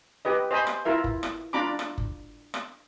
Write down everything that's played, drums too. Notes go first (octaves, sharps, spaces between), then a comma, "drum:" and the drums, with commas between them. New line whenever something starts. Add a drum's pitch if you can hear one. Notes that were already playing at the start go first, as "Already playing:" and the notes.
G4 B4 D#5
C5 D#5 G#5 B5 C6
drum: rim click
E4 F4 A#4 E5
drum: kick F#1
drum: rim click
D4 F4 A#5 B5 D6
drum: rim click
drum: kick F#1
drum: rim click